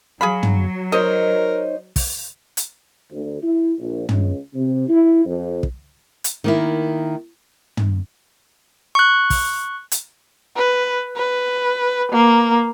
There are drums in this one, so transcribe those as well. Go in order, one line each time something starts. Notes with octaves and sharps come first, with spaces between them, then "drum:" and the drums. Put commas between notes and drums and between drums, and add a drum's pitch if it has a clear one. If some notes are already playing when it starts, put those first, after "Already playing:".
F#3 G#4 F5 B5
drum: tom
D#4 A#4 C5 C#5 D#5
drum: kick, open hi-hat
drum: hi-hat
D2
E4
A#1
C#2, drum: tom
C3
E4
F2
drum: kick
drum: hi-hat
D#3 A#3 E4
drum: tom
C#6 F#6
drum: kick, open hi-hat
drum: hi-hat
B4
B4
A#3